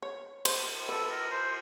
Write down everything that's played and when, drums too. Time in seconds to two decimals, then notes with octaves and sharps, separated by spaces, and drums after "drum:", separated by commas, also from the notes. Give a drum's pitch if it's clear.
0.02 C#5
0.45 C5, drum: cymbal
0.89 A4 B4
1.10 A#4
1.31 C5
1.45 C5